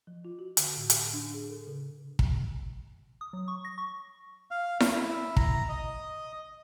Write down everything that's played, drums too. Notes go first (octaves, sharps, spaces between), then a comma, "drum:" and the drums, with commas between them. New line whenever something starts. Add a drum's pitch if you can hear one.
F3
F4
F#4
D3, drum: hi-hat
A2
G4, drum: hi-hat
D4
G#4
A4
C#3
drum: kick
D#6
F#3
C#6
A#6
C#6
F5
drum: snare E4
E4
A#5, drum: kick
D#5